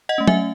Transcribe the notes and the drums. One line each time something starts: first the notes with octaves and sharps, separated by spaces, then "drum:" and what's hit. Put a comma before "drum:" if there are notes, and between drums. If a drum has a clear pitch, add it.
D#5 F#5
A3 C#4
E5 G#5, drum: tom F#3